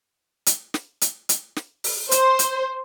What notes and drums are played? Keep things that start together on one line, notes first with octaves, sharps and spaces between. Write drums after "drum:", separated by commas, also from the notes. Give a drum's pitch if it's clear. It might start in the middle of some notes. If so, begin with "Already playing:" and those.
drum: hi-hat
drum: snare
drum: hi-hat
drum: hi-hat
drum: snare
drum: open hi-hat
C5, drum: hi-hat
drum: hi-hat